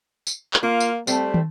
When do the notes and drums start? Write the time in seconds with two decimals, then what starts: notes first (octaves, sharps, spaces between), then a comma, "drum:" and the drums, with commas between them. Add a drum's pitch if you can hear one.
0.27 drum: tambourine
0.54 drum: clap
0.63 A#3 F4
0.80 drum: tambourine
1.07 G3 A3 C4, drum: tambourine
1.34 drum: tom